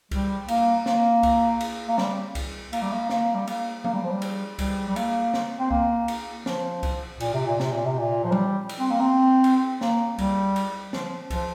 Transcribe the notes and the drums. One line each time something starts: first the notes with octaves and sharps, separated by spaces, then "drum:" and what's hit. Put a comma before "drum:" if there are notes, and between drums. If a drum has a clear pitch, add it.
G3, drum: kick C2, cymbal
A#3, drum: cymbal
A#3, drum: snare
drum: kick C2, cymbal
drum: cymbal
A#3
G3, drum: snare
drum: kick C2, cymbal
A#3, drum: cymbal
G3
A#3
A#3, drum: snare
G3
A#3, drum: cymbal
A#3, drum: tom F3
G3
F3
G3
drum: cymbal
G3, drum: kick C2, cymbal
G3
A#3, drum: cymbal
drum: snare
C4
A#3, drum: kick C2
drum: cymbal
F3, drum: snare
drum: kick C2, cymbal
A#2, drum: cymbal
C3
A#2
C3, drum: snare
A#2
C3
A#2
F3
G3, drum: tom E3
drum: cymbal
C4
A#3
C4
drum: cymbal
A#3, drum: snare
G3, drum: kick C2, cymbal
drum: cymbal
F3, drum: snare
F3, drum: kick C2, cymbal